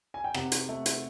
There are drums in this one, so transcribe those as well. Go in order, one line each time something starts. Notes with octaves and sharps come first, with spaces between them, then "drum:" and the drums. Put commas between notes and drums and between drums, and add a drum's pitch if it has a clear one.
G#5
G5
C3 F#5, drum: rim click
drum: hi-hat
A3
drum: hi-hat